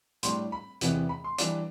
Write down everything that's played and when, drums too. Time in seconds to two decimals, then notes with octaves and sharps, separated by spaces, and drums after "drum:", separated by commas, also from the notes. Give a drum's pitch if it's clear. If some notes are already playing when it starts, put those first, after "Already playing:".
0.23 A2 G3 D4 C6, drum: hi-hat
0.52 B5
0.81 E2 C3 E3 B3, drum: hi-hat
1.09 B5
1.24 C6
1.38 E3 G3 D4, drum: hi-hat